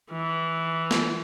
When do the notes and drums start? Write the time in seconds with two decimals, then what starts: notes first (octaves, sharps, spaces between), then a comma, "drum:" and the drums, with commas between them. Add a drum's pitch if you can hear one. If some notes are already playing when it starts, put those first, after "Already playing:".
0.11 E3
0.91 drum: snare